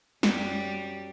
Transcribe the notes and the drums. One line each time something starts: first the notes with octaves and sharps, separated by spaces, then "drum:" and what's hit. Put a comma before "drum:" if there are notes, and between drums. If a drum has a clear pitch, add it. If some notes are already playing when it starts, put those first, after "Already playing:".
F#2 G3, drum: snare